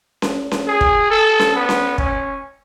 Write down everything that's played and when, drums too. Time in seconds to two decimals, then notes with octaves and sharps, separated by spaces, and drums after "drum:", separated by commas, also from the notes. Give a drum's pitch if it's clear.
0.22 drum: snare C#4
0.51 drum: snare C#4
0.67 G#4
0.81 drum: kick
1.10 A4
1.39 drum: snare C#4
1.55 B3
1.69 drum: snare C#4
1.98 C#4, drum: kick